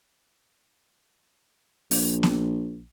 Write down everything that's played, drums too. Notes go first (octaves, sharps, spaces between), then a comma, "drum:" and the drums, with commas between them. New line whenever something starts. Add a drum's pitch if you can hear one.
A#1, drum: open hi-hat
drum: snare B3